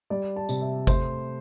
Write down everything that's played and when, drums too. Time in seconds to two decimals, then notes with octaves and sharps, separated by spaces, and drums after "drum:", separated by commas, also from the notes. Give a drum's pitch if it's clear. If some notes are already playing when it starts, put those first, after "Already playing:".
0.10 G3 D5
0.36 A5
0.49 C3, drum: tambourine
0.61 E5
0.87 A3 C5, drum: kick G1, tambourine